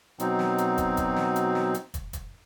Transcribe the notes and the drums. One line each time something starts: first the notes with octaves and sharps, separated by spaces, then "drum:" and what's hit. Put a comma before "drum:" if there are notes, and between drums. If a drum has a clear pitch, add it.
B2 F#3 C4 D#4, drum: hi-hat
drum: snare
drum: hi-hat
drum: kick, hi-hat
drum: kick, hi-hat
drum: snare
drum: hi-hat
drum: snare
drum: hi-hat
drum: kick, hi-hat
drum: kick, hi-hat